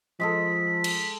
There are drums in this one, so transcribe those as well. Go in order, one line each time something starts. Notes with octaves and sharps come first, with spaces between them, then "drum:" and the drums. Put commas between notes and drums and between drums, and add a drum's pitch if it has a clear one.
F3 G#3 G#4 A4 B6
drum: cymbal